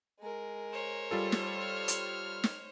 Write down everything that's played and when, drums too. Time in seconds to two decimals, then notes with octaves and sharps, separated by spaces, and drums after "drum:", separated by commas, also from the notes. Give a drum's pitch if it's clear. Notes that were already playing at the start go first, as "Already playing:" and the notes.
0.20 G#3 A#4
0.73 C5 C#5
1.11 G3 F4 A4
1.32 drum: snare
1.60 F6
1.88 drum: hi-hat
2.44 drum: snare